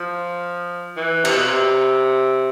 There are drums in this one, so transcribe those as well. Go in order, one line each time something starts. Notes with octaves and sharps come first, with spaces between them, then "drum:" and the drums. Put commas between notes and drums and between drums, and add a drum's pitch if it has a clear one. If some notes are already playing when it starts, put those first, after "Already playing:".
Already playing: F3
E3
C3, drum: cymbal
B2
C3